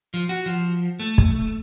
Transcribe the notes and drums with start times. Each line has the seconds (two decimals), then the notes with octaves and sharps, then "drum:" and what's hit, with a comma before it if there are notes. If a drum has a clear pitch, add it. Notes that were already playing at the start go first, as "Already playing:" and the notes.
0.14 F3
0.29 F#4
0.46 F3
1.00 A3
1.18 drum: kick